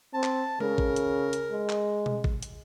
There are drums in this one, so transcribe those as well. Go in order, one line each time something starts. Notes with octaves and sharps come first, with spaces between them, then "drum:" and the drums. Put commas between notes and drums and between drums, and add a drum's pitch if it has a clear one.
C4 A5
drum: clap
C#3 A#4, drum: tom G#3
drum: kick A1
drum: hi-hat
drum: hi-hat
G#3
drum: clap
drum: tom B2
drum: kick A1
drum: hi-hat